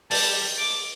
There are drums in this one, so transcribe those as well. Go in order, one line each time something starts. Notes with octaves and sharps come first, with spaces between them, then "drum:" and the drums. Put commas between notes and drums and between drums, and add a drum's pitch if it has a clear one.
G3 A5, drum: open hi-hat
D6